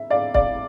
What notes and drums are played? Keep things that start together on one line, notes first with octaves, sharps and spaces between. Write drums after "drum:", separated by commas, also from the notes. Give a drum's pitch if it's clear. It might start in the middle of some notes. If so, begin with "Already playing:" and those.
Already playing: E5
D5 F5
D5 F5, drum: kick